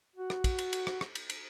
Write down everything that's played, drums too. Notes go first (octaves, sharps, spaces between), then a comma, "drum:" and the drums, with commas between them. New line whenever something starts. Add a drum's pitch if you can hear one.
F#4
drum: rim click
drum: kick, cymbal
drum: cymbal
drum: cymbal
drum: rim click
drum: rim click
drum: cymbal
drum: cymbal